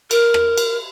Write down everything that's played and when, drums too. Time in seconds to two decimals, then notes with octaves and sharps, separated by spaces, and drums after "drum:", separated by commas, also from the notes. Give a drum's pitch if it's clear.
0.11 A#4, drum: cymbal
0.34 drum: rim click
0.58 drum: cymbal